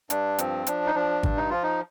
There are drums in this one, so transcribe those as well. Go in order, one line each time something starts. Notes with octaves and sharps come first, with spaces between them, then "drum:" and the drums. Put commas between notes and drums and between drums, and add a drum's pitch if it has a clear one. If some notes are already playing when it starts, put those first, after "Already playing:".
G2 D4, drum: hi-hat
F3 C4, drum: hi-hat
F3 D4, drum: hi-hat
D#4
F3 D4
G2, drum: kick G#1
D#4
F3 F4
D#4